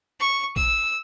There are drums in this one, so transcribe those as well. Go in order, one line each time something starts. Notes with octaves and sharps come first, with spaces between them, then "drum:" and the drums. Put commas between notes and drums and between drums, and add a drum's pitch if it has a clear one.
C#6
E6, drum: kick